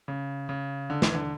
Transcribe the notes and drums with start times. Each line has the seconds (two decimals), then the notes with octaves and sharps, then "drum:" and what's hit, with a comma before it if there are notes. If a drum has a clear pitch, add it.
0.08 C#3
0.49 C#3
0.90 D3
1.02 E3, drum: snare
1.15 D3